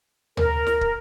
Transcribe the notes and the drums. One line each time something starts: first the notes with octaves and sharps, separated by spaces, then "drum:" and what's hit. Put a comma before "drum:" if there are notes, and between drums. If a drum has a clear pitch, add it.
A#4, drum: tom
drum: snare
drum: kick